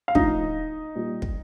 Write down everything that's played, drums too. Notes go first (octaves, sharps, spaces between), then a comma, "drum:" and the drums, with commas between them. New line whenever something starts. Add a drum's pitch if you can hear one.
F5
A2 F3 D#4 D#5, drum: kick
A#2 G3
drum: kick